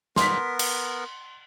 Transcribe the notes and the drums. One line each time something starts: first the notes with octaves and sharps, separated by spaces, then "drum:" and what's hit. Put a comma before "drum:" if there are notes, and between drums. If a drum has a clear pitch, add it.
B3 A#4 C6 B6, drum: snare
drum: cymbal